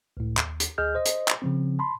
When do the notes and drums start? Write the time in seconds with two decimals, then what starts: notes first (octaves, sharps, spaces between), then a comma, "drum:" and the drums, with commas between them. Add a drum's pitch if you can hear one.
0.17 C#2 A2
0.37 D#2, drum: clap
0.60 drum: hi-hat
0.78 D2 G#4 D#5 F6 G6
0.95 C5 D#5
1.05 drum: hi-hat
1.28 drum: clap
1.42 C#3 F3 C4
1.79 A5 B5 C6